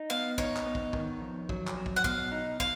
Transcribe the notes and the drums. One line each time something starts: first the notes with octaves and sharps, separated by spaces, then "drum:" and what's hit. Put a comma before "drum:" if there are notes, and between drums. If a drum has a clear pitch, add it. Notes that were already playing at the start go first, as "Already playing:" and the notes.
Already playing: D#4
B3 F5
D#4 C#5, drum: kick
drum: clap
B3
drum: kick
D#3, drum: kick
F2
F#3, drum: kick
drum: clap
F#3
drum: kick
F#5
B2 F5, drum: kick
D#4
F5, drum: kick